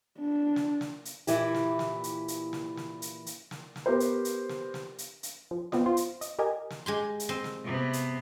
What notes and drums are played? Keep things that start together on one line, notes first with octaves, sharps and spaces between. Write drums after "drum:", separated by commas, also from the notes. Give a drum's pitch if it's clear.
D4
drum: snare
drum: snare
drum: hi-hat
A#2 E3 E4 G4, drum: hi-hat
drum: snare
drum: snare
drum: hi-hat
drum: hi-hat
drum: snare
drum: snare
drum: hi-hat
drum: hi-hat
drum: snare
drum: snare
B3 G4 A#4 C5
drum: hi-hat
drum: hi-hat
drum: snare
drum: snare
drum: hi-hat
drum: hi-hat
F3
B3 C4 F4 D#5, drum: snare
F4 C5
drum: hi-hat
D#5, drum: hi-hat
G4 A#4 D#5 G#5
drum: snare
G#3 G4 C6
drum: hi-hat
C4 C5 D#5
drum: snare
C3 B3
drum: hi-hat